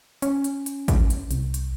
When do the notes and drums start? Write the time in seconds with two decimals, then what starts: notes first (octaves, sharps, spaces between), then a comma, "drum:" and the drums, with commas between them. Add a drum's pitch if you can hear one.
0.22 C#4, drum: hi-hat
0.44 drum: hi-hat
0.66 drum: hi-hat
0.88 drum: kick, hi-hat
1.10 drum: hi-hat
1.31 C2, drum: hi-hat
1.54 drum: hi-hat